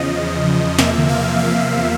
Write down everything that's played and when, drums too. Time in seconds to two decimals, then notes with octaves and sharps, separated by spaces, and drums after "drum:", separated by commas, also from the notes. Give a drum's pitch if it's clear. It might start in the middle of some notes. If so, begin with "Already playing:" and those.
Already playing: E2 C#3 F3 D#5
0.79 E2 C3 F3 A#3 E5, drum: snare
0.97 drum: tom C#3
1.09 F5
1.39 E5